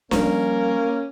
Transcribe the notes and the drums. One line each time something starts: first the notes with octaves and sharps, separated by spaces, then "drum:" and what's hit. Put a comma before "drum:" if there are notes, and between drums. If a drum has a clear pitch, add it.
F3 G3 A#3 C#4, drum: snare D4